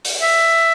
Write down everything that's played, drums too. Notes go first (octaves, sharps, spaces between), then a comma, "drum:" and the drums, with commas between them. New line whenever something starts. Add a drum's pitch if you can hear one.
drum: open hi-hat
E5